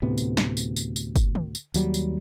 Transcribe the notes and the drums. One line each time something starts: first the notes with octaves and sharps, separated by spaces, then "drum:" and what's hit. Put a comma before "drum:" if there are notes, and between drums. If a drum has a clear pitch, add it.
D2 A2 C3 B3
drum: tambourine
drum: snare
drum: tambourine
drum: tambourine
drum: tambourine
drum: kick F#1, tambourine
drum: tom
drum: tambourine
D#2 F#3 G3, drum: tambourine
drum: tambourine